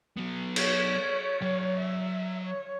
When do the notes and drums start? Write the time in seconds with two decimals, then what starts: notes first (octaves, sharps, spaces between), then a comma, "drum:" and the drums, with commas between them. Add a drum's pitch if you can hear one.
0.17 F#3 B3
0.56 C#5, drum: cymbal
1.42 F#3 G5
1.79 E5
2.44 C#5